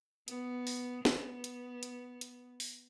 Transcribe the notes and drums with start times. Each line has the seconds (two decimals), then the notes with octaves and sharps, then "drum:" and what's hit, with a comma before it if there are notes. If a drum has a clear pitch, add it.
0.28 B3, drum: hi-hat
0.67 drum: open hi-hat
1.05 B3, drum: snare
1.44 drum: hi-hat
1.83 drum: hi-hat
2.21 drum: hi-hat
2.60 drum: open hi-hat